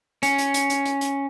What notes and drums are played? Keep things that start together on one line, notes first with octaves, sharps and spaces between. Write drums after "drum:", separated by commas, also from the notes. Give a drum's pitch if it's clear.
C#4, drum: hi-hat
drum: hi-hat
drum: hi-hat
drum: hi-hat
drum: hi-hat
drum: hi-hat